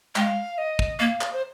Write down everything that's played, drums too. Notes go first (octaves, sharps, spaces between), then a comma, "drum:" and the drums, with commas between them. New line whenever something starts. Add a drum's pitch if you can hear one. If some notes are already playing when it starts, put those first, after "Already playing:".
G#3 G5, drum: clap
F5
D#5
drum: kick
A#3 F5
drum: clap
C5